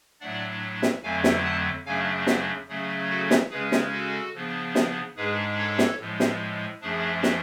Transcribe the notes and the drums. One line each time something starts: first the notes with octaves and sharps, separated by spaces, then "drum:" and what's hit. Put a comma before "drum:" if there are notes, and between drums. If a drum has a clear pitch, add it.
A2 F#3 A3 D4 D5 F#5
drum: snare
F2 D3 F#3 A3 F5 G#5
drum: snare
F#5 A5
F#2 C#3 F#3 A3 D4 F5 G#5
D5 F#5, drum: snare
C#3 F#3 A3 C#4 G#4
F#4 A4
drum: snare
C#3 G#3 C#4 G#4 B4
drum: snare
F#4 A4
C#3 F3 B3 D4
drum: snare
G#2 G#3 D4 G#4 B4
A4 C#5
drum: snare
A2 F3 G#3
drum: snare
F#2 F3 A3 D4 G#4
drum: snare